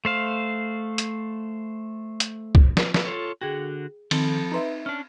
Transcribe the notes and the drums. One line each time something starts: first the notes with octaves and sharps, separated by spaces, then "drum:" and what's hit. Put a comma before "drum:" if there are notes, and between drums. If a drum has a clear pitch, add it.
A3 C5 F5
drum: hi-hat
drum: hi-hat
drum: kick
drum: snare
drum: snare
F4 A4 C#5
D3 F#4 G#4 G5
D#3 F3 C4 A4, drum: cymbal
D#4 B4 E5 A#5 C6
C#4 D4 F6